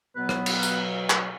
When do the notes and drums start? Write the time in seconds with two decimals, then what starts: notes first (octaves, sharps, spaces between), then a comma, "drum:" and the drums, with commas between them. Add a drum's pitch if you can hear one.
0.16 B2 F#3 B3 B4
0.29 drum: rim click
0.46 drum: cymbal
0.63 drum: tambourine
1.10 drum: clap